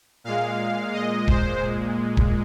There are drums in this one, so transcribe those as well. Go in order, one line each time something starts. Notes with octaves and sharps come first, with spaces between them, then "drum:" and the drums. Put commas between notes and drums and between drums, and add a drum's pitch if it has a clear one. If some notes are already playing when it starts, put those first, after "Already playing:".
A#2 G#3 F5
D#5
C5, drum: kick
drum: kick